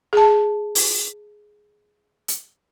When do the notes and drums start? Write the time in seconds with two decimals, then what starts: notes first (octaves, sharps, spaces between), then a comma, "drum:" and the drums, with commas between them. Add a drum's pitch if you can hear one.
0.13 G#4 A5
0.75 drum: open hi-hat
2.28 drum: hi-hat